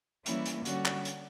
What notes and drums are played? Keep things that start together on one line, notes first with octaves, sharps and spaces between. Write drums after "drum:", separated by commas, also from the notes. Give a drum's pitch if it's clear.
E3 G3 A#3 C#4 E4, drum: hi-hat
drum: hi-hat
D3 G3 C#4 F#4, drum: hi-hat
drum: clap
drum: hi-hat